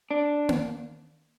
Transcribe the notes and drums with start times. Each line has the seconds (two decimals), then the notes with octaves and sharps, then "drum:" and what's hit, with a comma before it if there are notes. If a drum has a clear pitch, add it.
0.11 D4
0.49 drum: tom A#3